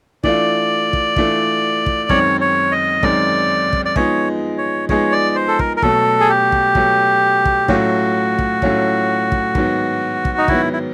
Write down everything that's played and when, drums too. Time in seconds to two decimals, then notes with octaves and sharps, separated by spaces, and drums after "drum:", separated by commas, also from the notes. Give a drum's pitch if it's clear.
0.24 E3 A3 D4 F4 D5, drum: kick
0.93 drum: kick
1.16 E3 A3 D4 F4, drum: kick
1.86 drum: kick
2.09 F#2 D#3 G#3 C4 C#5, drum: kick
2.41 C#5
2.72 D#5
3.03 F#2 D#3 G#3 C4 D5, drum: kick
3.73 drum: kick
3.85 D5
3.96 F3 G#3 B3 D#4 G#4 C#5, drum: kick
4.58 C#5
4.89 F3 G#3 B3 D#4 G#4 C#5, drum: kick
5.12 D5
5.36 C5
5.48 A4
5.59 A#4, drum: kick
5.77 A#4
5.82 B2 F#3 A3 A4, drum: kick
6.20 G#4
6.29 G4
6.52 drum: kick
6.75 B2 F#3 A3, drum: kick
7.45 drum: kick
7.68 A2 F#3 A3 C#4 F4 F#4, drum: kick
8.39 drum: kick
8.62 A2 F#3 A3 C#4 F4, drum: kick
9.32 drum: kick
9.55 G#2 D#3 F#3 B3, drum: kick
10.25 drum: kick
10.38 D#4
10.48 G#2 D#3 F#3 B3 E4, drum: kick
10.73 E4